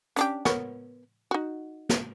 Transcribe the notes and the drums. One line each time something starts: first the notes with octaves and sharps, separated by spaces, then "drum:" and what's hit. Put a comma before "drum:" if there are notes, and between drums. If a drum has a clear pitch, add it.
C#4 D4 G4, drum: hi-hat
B3 A#4 C#5, drum: snare
D#4 F#4
drum: snare